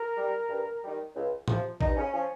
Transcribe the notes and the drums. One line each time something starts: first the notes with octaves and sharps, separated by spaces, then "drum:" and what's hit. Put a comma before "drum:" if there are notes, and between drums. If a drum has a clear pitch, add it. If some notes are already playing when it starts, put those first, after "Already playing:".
Already playing: A#4
G3
G2
D#3 G3
C#2
C3 F3, drum: tom A2
G2 D#4, drum: kick A1
C#4
F3 C#4